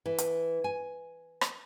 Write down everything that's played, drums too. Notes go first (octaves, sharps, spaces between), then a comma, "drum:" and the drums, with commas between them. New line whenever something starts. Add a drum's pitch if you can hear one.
E3
drum: hi-hat
G#5
drum: rim click